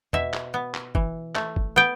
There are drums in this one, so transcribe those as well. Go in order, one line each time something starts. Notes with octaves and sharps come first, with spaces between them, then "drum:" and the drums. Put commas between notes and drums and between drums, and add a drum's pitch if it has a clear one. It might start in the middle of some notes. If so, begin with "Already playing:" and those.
B2 E5, drum: tom E2
drum: clap
B3
drum: clap
E3, drum: kick
A3, drum: clap
drum: kick
B3 G5